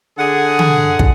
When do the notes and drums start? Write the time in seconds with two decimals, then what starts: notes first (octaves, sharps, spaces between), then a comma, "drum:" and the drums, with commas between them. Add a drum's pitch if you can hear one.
0.18 D3 G#4 F#5
0.59 drum: tom D3
0.99 drum: kick